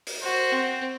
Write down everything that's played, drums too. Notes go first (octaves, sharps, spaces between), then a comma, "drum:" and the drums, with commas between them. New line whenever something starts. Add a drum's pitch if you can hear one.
drum: open hi-hat
F#4 C5
C4